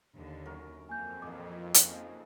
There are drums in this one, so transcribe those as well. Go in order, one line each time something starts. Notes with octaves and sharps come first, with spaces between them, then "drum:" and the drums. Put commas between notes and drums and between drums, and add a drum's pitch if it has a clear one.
D#2 D3
F#2 F#3 A#4
F2 A#3 G#5 G6
A#2 D#3 E3 G#4 D6
C#3 A#3 D#4 C5, drum: hi-hat